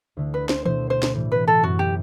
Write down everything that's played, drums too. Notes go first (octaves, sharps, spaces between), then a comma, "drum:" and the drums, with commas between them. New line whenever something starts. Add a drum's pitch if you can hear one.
D2 D3 A3 E4
B4
C5, drum: snare
B2 A3 E4 C5, drum: tom D#3
C5
drum: snare
A2 E3 G3
B4
A4
F#2 F#3 B3 E4 F#4
G4